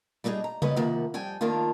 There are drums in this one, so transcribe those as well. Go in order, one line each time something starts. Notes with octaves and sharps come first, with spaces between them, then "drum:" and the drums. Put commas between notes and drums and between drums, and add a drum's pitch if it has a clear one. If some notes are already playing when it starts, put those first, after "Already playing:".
G3 D4 D#4 F#4 G#4
A#5
D#2 F#3 G3 C#4 B4 D#5, drum: tom C#3
C3 D#3 F3 A#3 F#5
F2 G3 G5 G#5
F2 D#3 A#3 D4 F4